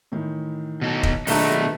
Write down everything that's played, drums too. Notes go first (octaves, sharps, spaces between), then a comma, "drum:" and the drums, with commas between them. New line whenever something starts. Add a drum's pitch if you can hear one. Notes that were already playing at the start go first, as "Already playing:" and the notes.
A2 D#3 E3
B2 D#4 A4
drum: kick
A#1 B2 D#3 A3 B3 D4 D#4 A#5, drum: open hi-hat